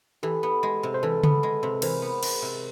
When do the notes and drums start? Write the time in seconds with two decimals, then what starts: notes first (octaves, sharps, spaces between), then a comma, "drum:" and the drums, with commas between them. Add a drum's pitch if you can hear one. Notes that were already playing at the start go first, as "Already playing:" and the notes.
0.23 E3 G4 A4
0.43 B3
0.63 G#3
0.83 C3
0.94 C5
1.03 E3 A4 B4
1.23 B3, drum: tom C#3
1.43 G#3
1.63 C3
1.82 E3 A#4 C5, drum: cymbal
2.02 B3
2.23 G#3, drum: cymbal
2.42 C3